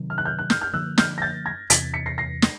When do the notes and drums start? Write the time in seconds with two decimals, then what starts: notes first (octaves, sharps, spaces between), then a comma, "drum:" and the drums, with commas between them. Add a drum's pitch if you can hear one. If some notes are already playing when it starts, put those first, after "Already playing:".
Already playing: C3 D#3 F#3
0.10 F6
0.18 F#6
0.25 F6 G6
0.39 F#6
0.50 F6 G6, drum: snare
0.61 F6 G6
0.73 D3 F3 A#3 D4 E6 F#6
0.98 F6 G6, drum: snare
1.18 A#6
1.22 G6 A6
1.46 G#6 A#6
1.70 E2 C3 E3 A6 B6, drum: hi-hat
1.94 B6 C#7
2.06 A#6 C7
2.18 A#6 C7
2.42 drum: snare